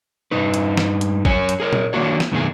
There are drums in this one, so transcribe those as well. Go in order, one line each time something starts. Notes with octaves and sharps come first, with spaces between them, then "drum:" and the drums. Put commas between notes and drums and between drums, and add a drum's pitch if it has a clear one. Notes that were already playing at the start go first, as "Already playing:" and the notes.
G2 D#4 B4
drum: hi-hat
drum: snare
drum: hi-hat
F#2 C#4 C#5 G#5, drum: kick
drum: hi-hat
G#4 A#4 C#5
drum: tom A#2
D#3 E3 A#3 D4 F#4 C#5
drum: snare
F#2 B2 D#3 A3 F4 G#4